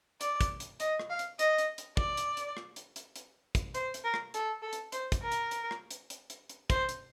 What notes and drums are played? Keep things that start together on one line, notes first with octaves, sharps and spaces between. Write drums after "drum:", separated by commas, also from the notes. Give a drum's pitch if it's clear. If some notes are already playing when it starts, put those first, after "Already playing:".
D5, drum: hi-hat
drum: kick, hi-hat
drum: hi-hat
D#5, drum: hi-hat
drum: rim click
F5
drum: hi-hat
D#5, drum: hi-hat
drum: hi-hat
drum: hi-hat
D5, drum: kick
drum: hi-hat
drum: hi-hat
drum: rim click
drum: hi-hat
drum: hi-hat
drum: hi-hat
drum: kick, hi-hat
C5, drum: hi-hat
drum: hi-hat
A#4
drum: rim click
A4, drum: hi-hat
A4
drum: hi-hat
C5, drum: hi-hat
drum: kick, hi-hat
A#4
drum: hi-hat
drum: hi-hat
drum: rim click
drum: hi-hat
drum: hi-hat
drum: hi-hat
drum: hi-hat
C5, drum: kick, hi-hat
drum: hi-hat